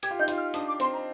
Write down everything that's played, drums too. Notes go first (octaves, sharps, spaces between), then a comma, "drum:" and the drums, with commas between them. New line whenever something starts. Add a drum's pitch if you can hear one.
G4 G#6, drum: hi-hat
F4
D#4 G6
F4, drum: hi-hat
F6
D4 D#6, drum: hi-hat
D6
C4 C6, drum: hi-hat
A#5